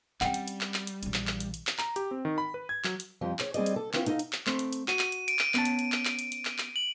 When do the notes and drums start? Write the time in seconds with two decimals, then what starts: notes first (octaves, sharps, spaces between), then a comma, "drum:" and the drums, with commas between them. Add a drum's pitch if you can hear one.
0.21 G3 C4 C#4 F#5 G5, drum: clap
0.34 drum: hi-hat
0.48 drum: hi-hat
0.61 drum: clap
0.74 drum: clap
0.87 drum: hi-hat
1.03 A#1 E3, drum: hi-hat
1.14 drum: clap
1.27 drum: clap
1.40 drum: hi-hat
1.54 drum: hi-hat
1.67 drum: clap
1.79 A#5, drum: clap
1.96 G4, drum: hi-hat
2.11 C4
2.25 D#3
2.38 B5
2.54 B4
2.69 G#6
2.84 F#3, drum: clap
3.00 drum: hi-hat
3.21 F2 F3 G3
3.39 G#4 C#5, drum: clap
3.54 G3 C4 G#4 D5 D#5, drum: hi-hat
3.66 drum: hi-hat
3.76 A4
3.93 C4 C#4 E4 F4 B4, drum: clap
4.06 D#4 E4 A4 D#5 F5, drum: hi-hat
4.19 drum: hi-hat
4.33 drum: clap
4.47 A3 C4, drum: clap
4.59 drum: hi-hat
4.73 drum: hi-hat
4.88 F#4 D#7, drum: clap
4.99 drum: clap
5.12 drum: hi-hat
5.28 D7, drum: hi-hat
5.39 drum: clap
5.54 B3 C#4 A5, drum: clap
5.65 drum: hi-hat
5.79 drum: hi-hat
5.92 drum: clap
6.05 drum: clap
6.19 drum: hi-hat
6.32 drum: hi-hat
6.45 drum: clap
6.58 drum: clap
6.76 F#7